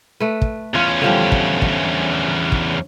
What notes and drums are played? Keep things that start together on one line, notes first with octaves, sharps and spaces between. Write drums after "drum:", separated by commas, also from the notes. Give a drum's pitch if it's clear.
A3 B4
drum: kick
E2 C#4 F4
D3 F3 G3
drum: kick
drum: kick
drum: kick